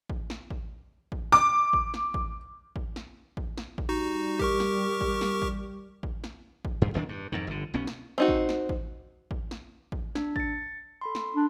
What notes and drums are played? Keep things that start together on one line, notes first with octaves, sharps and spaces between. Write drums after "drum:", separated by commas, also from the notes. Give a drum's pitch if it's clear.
drum: kick A1
drum: snare
drum: kick A1
drum: kick A1
D6, drum: snare
drum: kick A1
drum: snare
drum: kick A1
drum: kick A1
drum: snare
drum: kick A1
drum: snare
drum: kick A1
G3 D#4 F#4
G4 A#4 C#6, drum: kick A1
drum: snare
drum: kick A1
drum: snare
drum: kick A1
drum: kick A1
drum: snare
drum: kick A1
G2
E1 B1 D#3 D4
G2
F2 G#2 D#3
G1 D3
B1 B3 C#4
drum: snare
C4 D#4 F#4
drum: kick A1
drum: snare
drum: kick A1
drum: kick A1
drum: snare
drum: kick A1
D4, drum: snare
A6 C#7, drum: kick A1
A4 B5 C6
drum: snare
D4